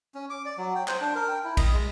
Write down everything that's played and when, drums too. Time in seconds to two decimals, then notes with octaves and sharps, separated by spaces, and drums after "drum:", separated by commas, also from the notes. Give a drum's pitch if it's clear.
0.15 C#4
0.30 D6
0.45 D5
0.58 F#3
0.75 G5
0.88 C5, drum: clap
1.01 D4
1.15 A#4
1.28 G5
1.45 E4
1.57 D#5, drum: kick, cymbal
1.73 G#3